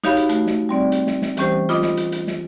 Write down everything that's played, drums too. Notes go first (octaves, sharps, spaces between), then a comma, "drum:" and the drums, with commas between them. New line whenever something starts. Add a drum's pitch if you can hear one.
D#4 F#4 G4 C#5 F5 B5, drum: snare
drum: hi-hat
A3 F#4, drum: hi-hat
drum: snare
G3 C4 D5
drum: hi-hat
drum: snare
drum: snare
E3 G3 C#4 G4 C5, drum: hi-hat
F4 D#5 B5 D6 D#6, drum: snare
drum: snare
drum: hi-hat
drum: hi-hat
drum: snare